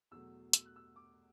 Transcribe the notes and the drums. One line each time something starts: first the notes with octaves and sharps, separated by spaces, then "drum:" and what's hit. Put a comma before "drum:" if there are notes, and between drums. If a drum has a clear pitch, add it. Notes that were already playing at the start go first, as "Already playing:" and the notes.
E2 B2 F#3 A3 E6
E6, drum: hi-hat
F#6
E6
D6